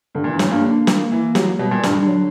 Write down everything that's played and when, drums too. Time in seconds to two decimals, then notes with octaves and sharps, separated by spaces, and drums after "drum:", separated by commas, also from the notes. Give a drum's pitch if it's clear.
0.15 G2 D3
0.24 A#2 E3
0.33 G2
0.39 A#2 F#3, drum: snare
0.51 G2 A#3
0.64 D3
0.87 drum: snare
1.12 E3
1.35 F#3, drum: snare
1.59 B2 G3
1.71 A#2
1.83 G2 G3, drum: snare
1.95 D3
2.07 F#3